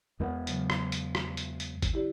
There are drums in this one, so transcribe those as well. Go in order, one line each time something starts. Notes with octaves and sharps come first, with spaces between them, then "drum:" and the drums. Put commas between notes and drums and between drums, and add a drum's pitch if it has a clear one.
E2 G#3 B3 A#4 F#5
C#3 F#3, drum: hi-hat
drum: rim click
drum: hi-hat
drum: rim click
drum: hi-hat
drum: hi-hat
drum: kick A1, hi-hat
E4 G4 D5